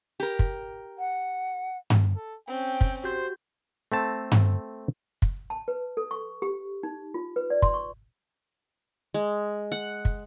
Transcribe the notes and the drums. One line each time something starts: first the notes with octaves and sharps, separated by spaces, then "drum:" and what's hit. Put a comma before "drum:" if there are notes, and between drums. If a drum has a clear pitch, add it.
G4 A#4
drum: kick
F#5
drum: tom G2
A4
C4 C#4 G5
drum: kick
F#4 G4 C5 G6
A3 C4 A5
drum: tom G2
drum: kick
A5
B4
A4
C#6
G4
D#4
F4
B4
D5
C6, drum: kick
C#6
G#3
F#5
drum: kick